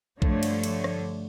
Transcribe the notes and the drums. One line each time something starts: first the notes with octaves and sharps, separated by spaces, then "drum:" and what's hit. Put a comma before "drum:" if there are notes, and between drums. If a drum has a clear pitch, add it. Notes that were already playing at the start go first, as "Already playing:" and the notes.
G2 D3 F3 A3 C#5, drum: kick B1
drum: cymbal
drum: cymbal
drum: rim click